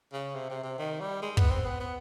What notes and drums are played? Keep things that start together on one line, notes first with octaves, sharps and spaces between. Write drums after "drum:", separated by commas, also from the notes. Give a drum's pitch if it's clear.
C#3
C3
C3
C3
D#3
G3
G#3
B3, drum: kick
C4
B3
B3